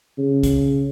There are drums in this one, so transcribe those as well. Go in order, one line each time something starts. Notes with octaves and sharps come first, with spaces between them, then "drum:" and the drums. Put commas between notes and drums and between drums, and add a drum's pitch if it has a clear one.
C#3
drum: kick, hi-hat